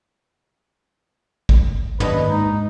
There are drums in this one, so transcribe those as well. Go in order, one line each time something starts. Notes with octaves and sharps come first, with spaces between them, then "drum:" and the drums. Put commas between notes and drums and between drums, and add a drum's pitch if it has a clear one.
drum: kick G#1
D#2 D4 B4 D#5, drum: tom
G#2 D#4